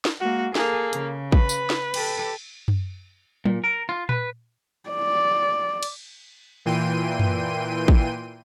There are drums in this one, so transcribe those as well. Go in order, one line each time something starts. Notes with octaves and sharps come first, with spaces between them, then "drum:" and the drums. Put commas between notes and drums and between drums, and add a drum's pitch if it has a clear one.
drum: snare
G#3 A#3 F#4
A#3 G#4 A4, drum: snare
C#3, drum: hi-hat
B4, drum: kick
drum: tambourine
drum: snare
G4 A4, drum: cymbal
drum: tom F#2
A#2, drum: tom F#3
A#4
F4
B4, drum: tom A#2
D5
drum: cymbal
A#2 E3 G5 C6 D#7
drum: tom F#2
drum: kick